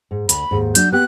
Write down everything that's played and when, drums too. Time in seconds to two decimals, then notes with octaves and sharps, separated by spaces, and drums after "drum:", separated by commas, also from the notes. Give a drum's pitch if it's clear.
0.11 G#2
0.29 D2 B5, drum: hi-hat
0.51 D#2 G#2
0.75 F#3 D4 G6, drum: hi-hat
0.93 B3 G4 F#6